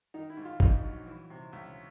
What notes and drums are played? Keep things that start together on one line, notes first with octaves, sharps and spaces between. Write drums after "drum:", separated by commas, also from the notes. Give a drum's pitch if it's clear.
D#3 D#4
E4
G#2
F4
A#1 D#4, drum: kick
F#3
E3
C3
C#2